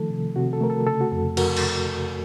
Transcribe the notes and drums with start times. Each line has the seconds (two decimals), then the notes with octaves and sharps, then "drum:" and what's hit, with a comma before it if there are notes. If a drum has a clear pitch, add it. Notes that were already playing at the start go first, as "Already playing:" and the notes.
Already playing: D#3 F3 A3 A4
0.10 C3
0.36 C3 F#4
0.53 A4
0.61 A3 A#4
0.70 A4
0.86 C#3 A4
1.01 F#4
1.12 F2 A4
1.37 F2 F#4 A#4, drum: cymbal
1.57 drum: cymbal